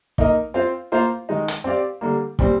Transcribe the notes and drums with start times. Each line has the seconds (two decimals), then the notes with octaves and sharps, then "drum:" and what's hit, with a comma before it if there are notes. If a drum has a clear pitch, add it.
0.18 A#3 D#4 A#4 D#5, drum: kick
0.54 C4 F4 C5 F5
0.92 A#3 F4 C5 F5
1.29 D#3 G#3 D#4
1.48 drum: hi-hat
1.64 C4 G4 D5 F5
2.01 D3 G3 A#3
2.39 A#2 G3 C4, drum: kick